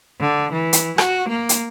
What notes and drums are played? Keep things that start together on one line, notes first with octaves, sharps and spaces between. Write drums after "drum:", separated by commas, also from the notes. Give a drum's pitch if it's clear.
D3
E3
drum: hi-hat
F#4, drum: rim click
A#3
drum: hi-hat